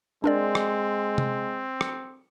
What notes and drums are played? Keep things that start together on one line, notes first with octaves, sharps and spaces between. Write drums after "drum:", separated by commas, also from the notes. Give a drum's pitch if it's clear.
G#3 C4 D4 A#4 D5
drum: rim click
drum: tom C3
drum: rim click